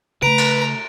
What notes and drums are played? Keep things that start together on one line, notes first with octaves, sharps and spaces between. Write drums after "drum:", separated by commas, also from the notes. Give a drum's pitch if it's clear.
C#3 A3 B4 A#5 D7
drum: cymbal